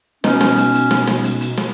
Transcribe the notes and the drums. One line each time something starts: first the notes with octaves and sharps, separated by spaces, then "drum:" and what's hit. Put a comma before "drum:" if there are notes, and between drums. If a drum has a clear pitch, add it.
B2 C#4 D#4, drum: snare
drum: snare
drum: hi-hat
drum: hi-hat
drum: snare
drum: snare
drum: hi-hat
drum: hi-hat
drum: snare